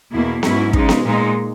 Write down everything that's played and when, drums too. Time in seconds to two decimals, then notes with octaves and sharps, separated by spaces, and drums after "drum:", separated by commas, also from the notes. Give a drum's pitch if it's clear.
0.12 E2 B2 A#3 E4
0.43 G#2 F#3 C#4 E4, drum: snare B3
0.73 C#3 G#3 D#4, drum: kick
0.89 drum: snare B3
1.04 A#2 G#3 D#4